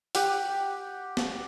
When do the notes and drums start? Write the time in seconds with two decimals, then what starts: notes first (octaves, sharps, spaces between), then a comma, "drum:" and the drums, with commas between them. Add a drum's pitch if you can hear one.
0.15 G4 F#5, drum: open hi-hat
1.17 drum: snare